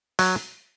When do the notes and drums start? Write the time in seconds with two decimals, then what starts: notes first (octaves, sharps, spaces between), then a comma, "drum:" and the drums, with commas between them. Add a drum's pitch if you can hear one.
0.19 F#3, drum: open hi-hat